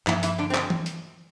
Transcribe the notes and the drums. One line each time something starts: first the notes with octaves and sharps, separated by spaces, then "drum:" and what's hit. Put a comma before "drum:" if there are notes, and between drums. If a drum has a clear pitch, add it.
G2 E3 F3 A#3 E4, drum: clap
E3 E4, drum: hi-hat
D3 D4
C4
D3 D4, drum: clap
drum: tom
drum: hi-hat